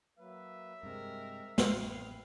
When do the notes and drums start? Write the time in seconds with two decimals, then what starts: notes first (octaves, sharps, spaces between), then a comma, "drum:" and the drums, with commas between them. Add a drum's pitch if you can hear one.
0.19 F#3 A#3 B4 E5
0.83 G2 C3 G#3 C4 A#4
1.58 A1 C4 B4 F5, drum: snare